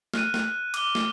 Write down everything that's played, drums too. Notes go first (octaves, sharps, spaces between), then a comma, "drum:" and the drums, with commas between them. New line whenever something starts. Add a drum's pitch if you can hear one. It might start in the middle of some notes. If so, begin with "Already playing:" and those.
F6 F#6 D#7, drum: snare
drum: snare
D6 F#6 G7, drum: cymbal
drum: snare